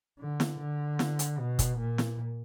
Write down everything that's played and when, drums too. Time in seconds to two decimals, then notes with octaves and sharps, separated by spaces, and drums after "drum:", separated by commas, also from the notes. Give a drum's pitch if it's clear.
0.20 D3
0.40 drum: snare
0.60 D3
0.99 drum: snare
1.19 drum: hi-hat
1.38 B2
1.59 drum: kick, hi-hat
1.79 A#2
1.98 drum: snare